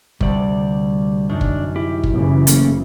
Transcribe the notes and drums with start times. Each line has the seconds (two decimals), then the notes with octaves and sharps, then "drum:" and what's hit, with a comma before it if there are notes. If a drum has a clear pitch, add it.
0.21 D2 C3 G3 D5, drum: kick
1.30 F#2 D4 D#4
1.41 drum: kick
1.76 E4 G4
2.03 drum: kick
2.13 F#1 C#3 E3
2.47 A3 A#3 C#4, drum: hi-hat